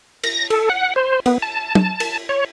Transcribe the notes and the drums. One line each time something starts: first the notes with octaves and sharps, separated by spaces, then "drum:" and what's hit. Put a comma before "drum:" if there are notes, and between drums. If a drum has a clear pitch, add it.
A#6, drum: cymbal
A4, drum: cymbal
F#5
C5
B3, drum: cymbal
A5
drum: tom
drum: cymbal
C#5